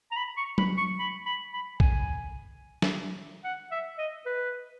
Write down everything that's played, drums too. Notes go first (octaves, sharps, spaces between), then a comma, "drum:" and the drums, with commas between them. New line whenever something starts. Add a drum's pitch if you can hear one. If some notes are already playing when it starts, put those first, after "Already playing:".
A#5
B5
C#6
B5, drum: tom F#3
C#6
B5
B5
B5
G#5, drum: kick B1
drum: snare
F#5
E5
D#5
B4